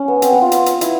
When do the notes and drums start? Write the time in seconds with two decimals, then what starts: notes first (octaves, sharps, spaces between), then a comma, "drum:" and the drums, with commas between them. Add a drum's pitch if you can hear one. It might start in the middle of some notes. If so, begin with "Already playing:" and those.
Already playing: C#4
0.08 B3
0.22 C4, drum: hi-hat
0.32 B3
0.42 F4
0.52 drum: hi-hat
0.66 drum: hi-hat
0.81 E4, drum: hi-hat